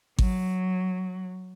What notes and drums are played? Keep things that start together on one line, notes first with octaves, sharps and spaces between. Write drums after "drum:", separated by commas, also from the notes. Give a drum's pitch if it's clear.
F#3, drum: kick G#1